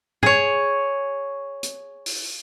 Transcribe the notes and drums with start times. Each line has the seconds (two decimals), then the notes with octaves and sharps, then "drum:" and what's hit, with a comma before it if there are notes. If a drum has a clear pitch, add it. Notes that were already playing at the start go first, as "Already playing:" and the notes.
0.23 G#4 C#5, drum: tom
1.63 drum: hi-hat
2.06 drum: open hi-hat